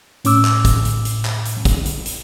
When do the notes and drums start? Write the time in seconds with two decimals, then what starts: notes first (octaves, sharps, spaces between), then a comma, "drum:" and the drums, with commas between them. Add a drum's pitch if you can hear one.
0.25 A2 C#4 D6 E6, drum: hi-hat
0.45 drum: clap
0.65 drum: kick, hi-hat
0.85 drum: hi-hat
1.05 drum: hi-hat
1.25 drum: clap
1.45 drum: hi-hat
1.65 drum: kick, hi-hat
1.85 drum: hi-hat
2.06 drum: hi-hat